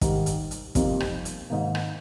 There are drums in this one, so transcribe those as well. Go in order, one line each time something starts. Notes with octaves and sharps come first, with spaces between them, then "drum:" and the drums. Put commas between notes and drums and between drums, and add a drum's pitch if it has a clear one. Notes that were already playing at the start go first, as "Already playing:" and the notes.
G#2 D#3 G3, drum: kick, hi-hat
drum: hi-hat
drum: hi-hat
F2 C3 G3 A#3 D#4, drum: kick, hi-hat
drum: rim click
drum: hi-hat
G#2 D#3 A#3
drum: rim click